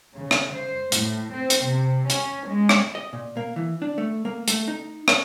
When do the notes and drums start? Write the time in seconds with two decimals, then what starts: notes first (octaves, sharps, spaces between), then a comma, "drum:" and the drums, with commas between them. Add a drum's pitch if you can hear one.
0.16 C#3
0.31 drum: rim click
0.54 C5
0.92 A2, drum: hi-hat
1.34 C4
1.50 drum: hi-hat
1.66 C3
2.10 C#4, drum: hi-hat
2.47 G#3
2.69 drum: rim click
2.95 D#5
3.13 A#2
3.37 A#3
3.56 E3
3.82 D4
3.98 A3
4.25 A#3
4.48 A3, drum: hi-hat
4.68 D#4
5.08 drum: rim click